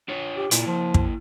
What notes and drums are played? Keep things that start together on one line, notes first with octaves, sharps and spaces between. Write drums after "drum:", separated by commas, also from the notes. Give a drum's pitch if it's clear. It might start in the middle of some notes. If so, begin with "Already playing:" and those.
D4 F4 C#5
G4
A#2 A#3 E4, drum: hi-hat
F3
drum: kick